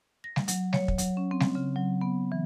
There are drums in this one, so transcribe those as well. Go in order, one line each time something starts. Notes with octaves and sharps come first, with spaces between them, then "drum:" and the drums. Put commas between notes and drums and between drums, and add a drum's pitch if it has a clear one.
A#6
drum: snare G3
F#3, drum: hi-hat
C#5, drum: snare G3
drum: kick
F#3, drum: hi-hat
C#4
C4
drum: snare G3
C#3
F#3
B3
E3